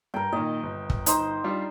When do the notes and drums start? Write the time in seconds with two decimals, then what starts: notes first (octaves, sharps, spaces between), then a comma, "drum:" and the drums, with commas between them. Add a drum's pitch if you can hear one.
0.14 G2 A#4 G5
0.32 A#2 D#3 D#5
0.63 G1
0.90 drum: kick
1.06 D#4 C5, drum: hi-hat
1.44 G3 D4 F4